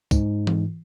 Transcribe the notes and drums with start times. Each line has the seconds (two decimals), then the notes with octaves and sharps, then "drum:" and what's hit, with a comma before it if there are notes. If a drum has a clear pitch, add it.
0.11 G#2, drum: kick, tambourine
0.47 drum: tom E3